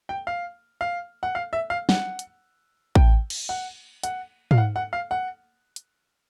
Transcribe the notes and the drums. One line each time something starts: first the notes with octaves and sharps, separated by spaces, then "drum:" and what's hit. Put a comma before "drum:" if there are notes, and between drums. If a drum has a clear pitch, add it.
G5
F5
F5
F#5
F5
E5
F5
F#5, drum: snare
drum: hi-hat
G5, drum: kick
drum: cymbal
F#5
F#5, drum: hi-hat
F5, drum: tom
F#5
F#5
F5
F#5
drum: hi-hat